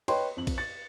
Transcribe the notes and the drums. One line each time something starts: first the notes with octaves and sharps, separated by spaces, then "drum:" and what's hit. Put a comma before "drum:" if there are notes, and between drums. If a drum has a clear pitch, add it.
B4 C#5 D#5 G5 C6, drum: cymbal
F2 F#7
drum: kick A#1, cymbal
A6 C#7